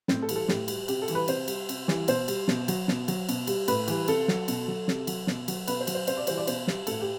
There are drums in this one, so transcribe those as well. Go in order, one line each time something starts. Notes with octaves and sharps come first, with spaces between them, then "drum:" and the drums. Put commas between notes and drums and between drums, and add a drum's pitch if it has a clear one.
A2 C4, drum: snare
A4
E3 G3, drum: cymbal
A4
A2 G4, drum: snare
G3, drum: cymbal
C3 G4, drum: cymbal
A4
E3 G3, drum: cymbal
B4
C3 C5, drum: cymbal
G3, drum: cymbal
C3, drum: cymbal
E3 G3, drum: snare
B2 C5, drum: cymbal
G3, drum: cymbal
B2, drum: snare
F#3, drum: cymbal
B2, drum: snare
F#3, drum: cymbal
B2, drum: cymbal
G3, drum: cymbal
A2 B4, drum: cymbal
E3 G3, drum: cymbal
C3 A4, drum: cymbal
F#3, drum: snare
B2, drum: cymbal
F#3
C3, drum: snare
F#3, drum: cymbal
B2, drum: snare
F#3, drum: cymbal
B2 B4, drum: cymbal
C5
F#3, drum: cymbal
C5
C3 C5, drum: cymbal
D5
E3 G3 C5, drum: cymbal
D5
B2 C5, drum: cymbal
G3, drum: snare
A2 A4, drum: cymbal
G4